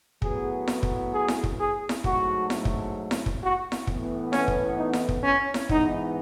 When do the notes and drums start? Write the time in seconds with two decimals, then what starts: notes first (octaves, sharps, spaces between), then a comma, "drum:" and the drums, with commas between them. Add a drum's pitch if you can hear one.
0.22 A2 F#3 B3 G#4, drum: kick
0.68 drum: snare E4
0.83 drum: kick
1.13 G#4
1.28 drum: snare E4
1.44 drum: kick
1.59 G#4
1.89 drum: snare E4
2.04 G#2 F#3 A3 F#4, drum: kick
2.50 drum: snare E4
2.65 drum: kick
3.11 drum: snare E4
3.26 drum: kick
3.42 F#4
3.72 drum: snare E4
3.87 A2 E3 B3, drum: kick
4.33 C#4, drum: snare E4
4.48 drum: kick
4.78 D#4
4.93 drum: snare E4
5.09 drum: kick
5.24 C#4
5.54 drum: snare E4
5.69 G#2 E3 B3 D#4, drum: kick